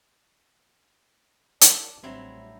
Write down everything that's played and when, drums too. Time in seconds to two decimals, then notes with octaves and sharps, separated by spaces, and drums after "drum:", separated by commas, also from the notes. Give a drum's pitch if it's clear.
1.61 D4 A#4, drum: hi-hat
2.03 A1 F#3 G3 C4 D4 E4 E5